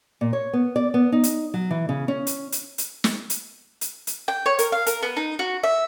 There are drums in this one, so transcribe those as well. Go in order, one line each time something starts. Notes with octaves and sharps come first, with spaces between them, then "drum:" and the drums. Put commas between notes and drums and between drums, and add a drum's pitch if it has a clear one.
A#2
C#5
B3
D5
B3
D#4
drum: hi-hat
F#3
E3
C#3
C#4
drum: hi-hat
drum: hi-hat
drum: hi-hat
drum: snare
drum: hi-hat
drum: hi-hat
drum: hi-hat
G5
C#5
A#4, drum: hi-hat
F5
A#4, drum: hi-hat
B3
D#4
F#4
E5